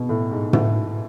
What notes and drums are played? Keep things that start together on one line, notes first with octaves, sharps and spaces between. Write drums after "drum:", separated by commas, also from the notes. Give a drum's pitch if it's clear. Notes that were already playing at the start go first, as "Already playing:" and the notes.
Already playing: B2
A2
G#2
A2, drum: tom